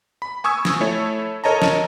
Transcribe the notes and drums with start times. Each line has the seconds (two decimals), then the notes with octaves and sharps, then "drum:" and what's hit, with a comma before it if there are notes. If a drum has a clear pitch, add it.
0.22 B5
0.44 G#5 C#6 D#6 E6 G#6
0.65 drum: snare
0.80 A3 E4 A4 C#5
1.44 A4 A#4 C#5 D#5 A5 A#5
1.62 drum: snare